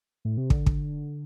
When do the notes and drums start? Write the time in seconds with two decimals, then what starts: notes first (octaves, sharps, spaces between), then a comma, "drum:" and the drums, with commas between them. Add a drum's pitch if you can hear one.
0.25 A2
0.37 C3
0.50 D3, drum: kick
0.66 drum: kick